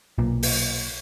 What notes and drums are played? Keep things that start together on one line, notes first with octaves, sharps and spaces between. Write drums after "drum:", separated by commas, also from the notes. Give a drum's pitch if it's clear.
B1 A#2
drum: open hi-hat